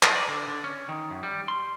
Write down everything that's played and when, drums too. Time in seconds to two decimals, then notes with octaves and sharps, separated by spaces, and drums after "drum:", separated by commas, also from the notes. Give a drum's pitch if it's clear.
0.03 D#5, drum: clap
0.16 D5
0.28 D3
0.48 D3
0.64 C#4
0.89 D#3
1.10 F#2
1.23 G3
1.48 C6